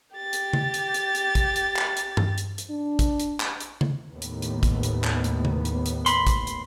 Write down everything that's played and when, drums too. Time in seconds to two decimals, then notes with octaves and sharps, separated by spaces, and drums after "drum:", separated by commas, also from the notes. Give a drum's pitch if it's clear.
0.16 G4 A6
0.33 drum: hi-hat
0.53 drum: tom C#3
0.74 drum: hi-hat
0.94 drum: hi-hat
1.15 drum: hi-hat
1.35 drum: kick A1, hi-hat
1.56 drum: hi-hat
1.76 drum: clap
1.97 drum: hi-hat
2.17 drum: tom G2
2.38 drum: hi-hat
2.58 drum: hi-hat
2.70 D4
2.99 drum: kick A1, hi-hat
3.20 drum: hi-hat
3.40 drum: clap
3.60 drum: hi-hat
3.81 drum: tom C#3
4.10 D#2 A2 B3
4.22 drum: hi-hat
4.42 drum: hi-hat
4.63 drum: kick A1, hi-hat
4.83 drum: hi-hat
5.04 drum: clap
5.24 drum: hi-hat
5.45 drum: tom C#3
5.65 drum: hi-hat
5.86 drum: hi-hat
6.06 B5 C6, drum: hi-hat
6.27 drum: kick A1, hi-hat
6.47 drum: hi-hat